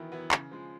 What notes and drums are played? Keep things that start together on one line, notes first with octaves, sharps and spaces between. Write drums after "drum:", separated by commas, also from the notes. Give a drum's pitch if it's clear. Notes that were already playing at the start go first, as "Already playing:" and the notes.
Already playing: D#3 E3 F#3 B3 E4
F#3 B3 E4
C#3, drum: clap
F3 G#3